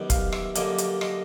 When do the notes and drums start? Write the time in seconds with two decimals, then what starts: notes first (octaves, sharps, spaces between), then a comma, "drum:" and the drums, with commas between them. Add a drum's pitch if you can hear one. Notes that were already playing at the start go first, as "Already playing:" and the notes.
Already playing: F#2 D#3 G3 B3
0.10 F5, drum: kick, hi-hat
0.32 E5, drum: rim click
0.55 F#2 D3 G3 A#3 D#5, drum: hi-hat
0.78 drum: hi-hat
1.01 D#5, drum: rim click